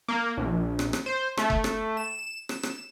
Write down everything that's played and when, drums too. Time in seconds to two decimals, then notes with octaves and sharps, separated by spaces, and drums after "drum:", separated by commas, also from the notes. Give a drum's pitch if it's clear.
0.08 A#3
0.37 A#1
0.79 drum: rim click
0.93 drum: rim click
1.06 C5
1.37 A3, drum: rim click
1.50 drum: kick F#1
1.64 drum: rim click
1.97 E7
2.49 E7, drum: rim click
2.63 drum: rim click